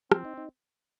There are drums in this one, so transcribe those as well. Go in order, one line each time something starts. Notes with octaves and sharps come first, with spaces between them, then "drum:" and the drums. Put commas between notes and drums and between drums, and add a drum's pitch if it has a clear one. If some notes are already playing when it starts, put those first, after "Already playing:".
F3 C4, drum: rim click
D#4
D#4